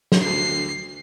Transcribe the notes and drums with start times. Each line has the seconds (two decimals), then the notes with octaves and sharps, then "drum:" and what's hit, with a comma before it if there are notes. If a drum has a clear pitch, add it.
0.12 drum: snare
0.23 D2 C7